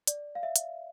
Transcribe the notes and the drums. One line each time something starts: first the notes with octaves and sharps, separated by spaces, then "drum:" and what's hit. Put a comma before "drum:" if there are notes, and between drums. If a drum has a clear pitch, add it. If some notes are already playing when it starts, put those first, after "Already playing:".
D5, drum: hi-hat
F5
E5
drum: hi-hat